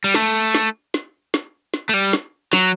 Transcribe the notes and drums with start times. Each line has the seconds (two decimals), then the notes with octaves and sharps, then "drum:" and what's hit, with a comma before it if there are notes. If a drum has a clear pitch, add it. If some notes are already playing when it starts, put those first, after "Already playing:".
0.04 G3
0.14 A3, drum: snare
0.55 drum: snare
0.94 drum: snare
1.34 drum: snare
1.74 drum: snare
1.89 A3
1.94 G3
2.13 drum: snare
2.53 F#3, drum: snare